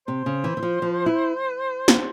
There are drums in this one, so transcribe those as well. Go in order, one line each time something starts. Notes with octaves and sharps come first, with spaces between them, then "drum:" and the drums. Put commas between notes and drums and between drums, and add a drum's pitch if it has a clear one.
C3 C5
C#3
E3
E3
F3
F3
E4
drum: snare